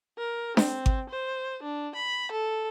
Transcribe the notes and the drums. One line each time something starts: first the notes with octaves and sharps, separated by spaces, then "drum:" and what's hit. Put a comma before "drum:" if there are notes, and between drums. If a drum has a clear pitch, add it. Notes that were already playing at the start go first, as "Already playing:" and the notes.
A#4
C4, drum: snare D4
drum: kick G#1
C5
D4
B5
A4